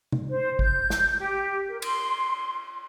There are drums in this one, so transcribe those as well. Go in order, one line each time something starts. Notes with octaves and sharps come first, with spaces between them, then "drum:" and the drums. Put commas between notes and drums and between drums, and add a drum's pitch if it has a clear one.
drum: tom C3
C5
G6, drum: kick G#1
drum: snare
G4
A#4
C6, drum: cymbal